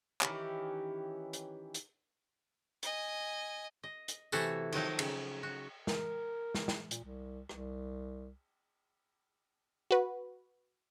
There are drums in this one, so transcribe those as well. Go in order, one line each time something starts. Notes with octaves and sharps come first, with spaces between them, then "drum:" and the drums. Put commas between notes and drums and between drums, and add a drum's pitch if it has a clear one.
D#3 E3 C#4 G4, drum: clap
drum: hi-hat
drum: hi-hat
D#5 G#5, drum: hi-hat
D#5
drum: hi-hat
C3 E3 A3 E4 F#4 A4, drum: tambourine
D#3 F3 F#3 D#4, drum: cymbal
C#3, drum: cymbal
F#4
A#4, drum: snare
drum: snare
drum: snare
A#2, drum: hi-hat
C2
C2, drum: rim click
F#4 B4